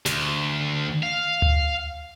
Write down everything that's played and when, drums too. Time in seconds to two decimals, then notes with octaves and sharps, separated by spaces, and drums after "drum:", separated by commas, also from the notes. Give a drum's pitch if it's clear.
0.06 D2, drum: snare
1.03 F5
1.42 drum: tom D2